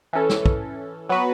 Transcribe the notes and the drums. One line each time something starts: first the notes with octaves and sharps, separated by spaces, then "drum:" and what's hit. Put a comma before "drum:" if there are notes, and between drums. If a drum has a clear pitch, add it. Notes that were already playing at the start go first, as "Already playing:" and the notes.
E3 C#4 A4
drum: snare
drum: kick
F#3 B3 F#4 B4